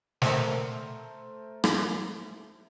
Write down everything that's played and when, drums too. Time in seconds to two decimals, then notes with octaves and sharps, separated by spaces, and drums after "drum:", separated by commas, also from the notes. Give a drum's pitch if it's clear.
0.22 A3 A#4 C5, drum: snare
1.64 drum: rim click